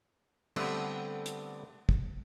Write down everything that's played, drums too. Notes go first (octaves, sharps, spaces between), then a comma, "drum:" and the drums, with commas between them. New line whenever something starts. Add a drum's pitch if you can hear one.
D3 G3 A3 B3 C4 B4, drum: cymbal
drum: hi-hat
drum: kick